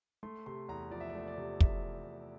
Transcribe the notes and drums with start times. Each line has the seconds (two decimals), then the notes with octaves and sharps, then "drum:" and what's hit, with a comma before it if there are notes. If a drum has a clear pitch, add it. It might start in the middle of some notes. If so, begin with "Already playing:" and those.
0.23 A3 C6
0.46 C3 C6
0.69 E2 A#5
0.91 F3 D5
1.00 E5
1.10 D5
1.14 A3 E5
1.28 D5
1.37 C3
1.60 E2 E5, drum: kick